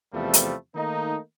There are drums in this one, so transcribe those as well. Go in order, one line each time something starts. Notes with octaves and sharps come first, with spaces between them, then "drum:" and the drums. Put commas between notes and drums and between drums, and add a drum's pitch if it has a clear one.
E2 C3 F3 G3 A3
drum: hi-hat
D#3 A3 A#3 D#4